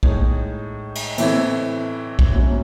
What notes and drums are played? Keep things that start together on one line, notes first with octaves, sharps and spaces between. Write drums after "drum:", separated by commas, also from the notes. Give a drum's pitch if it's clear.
A2 G#3 D#4, drum: kick
drum: cymbal
A2 E3 A3 C4 E4, drum: cymbal
drum: kick
G#2 F#3 C#4 E4